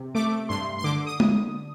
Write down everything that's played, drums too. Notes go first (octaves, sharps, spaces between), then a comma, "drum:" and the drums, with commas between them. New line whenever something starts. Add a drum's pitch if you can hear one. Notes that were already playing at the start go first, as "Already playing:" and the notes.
Already playing: C3
A3 D6
G2 C6
C6
D3 D6
D#6
drum: tom G#3